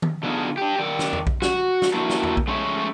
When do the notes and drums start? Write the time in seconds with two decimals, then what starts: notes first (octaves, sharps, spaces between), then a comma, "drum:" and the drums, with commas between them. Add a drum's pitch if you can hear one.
0.02 drum: tom D#3
0.23 D3 B3 D4 D#4 F4 G#4
0.58 D4 G4
0.78 D#3 D5
0.99 drum: snare
1.13 drum: tom E2
1.27 drum: kick A#1
1.42 F#4, drum: snare
1.82 drum: snare
1.94 A3 A#3 D4 E4 F#4
2.10 drum: snare
2.23 drum: tom E2
2.37 drum: kick A#1
2.48 G#3 A3 C#4 C#5 D5 E5